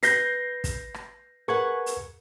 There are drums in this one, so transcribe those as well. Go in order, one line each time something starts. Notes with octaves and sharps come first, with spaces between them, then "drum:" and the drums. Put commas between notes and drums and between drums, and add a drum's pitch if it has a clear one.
B4 G6 A#6 C7, drum: hi-hat
drum: kick, hi-hat
drum: rim click
G#4 A#4 B4 F#5 C#6 G#6
drum: hi-hat